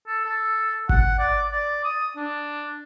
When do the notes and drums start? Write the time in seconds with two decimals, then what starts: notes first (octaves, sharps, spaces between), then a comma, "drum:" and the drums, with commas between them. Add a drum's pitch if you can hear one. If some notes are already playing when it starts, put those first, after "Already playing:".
0.07 A4
0.25 A4
0.89 F#5, drum: kick G#1
1.19 D5
1.52 D5
1.85 D#6
2.16 D4